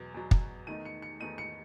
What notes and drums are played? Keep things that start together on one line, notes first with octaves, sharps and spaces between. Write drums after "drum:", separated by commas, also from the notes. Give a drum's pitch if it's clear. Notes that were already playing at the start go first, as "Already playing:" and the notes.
Already playing: E2 B2 F#3
E2 B2 F#3
drum: kick
E2 D#3 A3 D#4 D#7
C#7
C#7
E2 D#3 A3 D#4 D#7
C#7